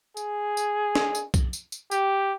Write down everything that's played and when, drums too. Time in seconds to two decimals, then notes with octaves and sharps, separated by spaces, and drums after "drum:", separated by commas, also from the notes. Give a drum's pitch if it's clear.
0.17 G#4, drum: tambourine
0.57 drum: tambourine
0.95 drum: snare
1.15 drum: tambourine
1.34 drum: kick B1, tambourine
1.53 drum: tambourine
1.72 drum: tambourine
1.91 G4, drum: tambourine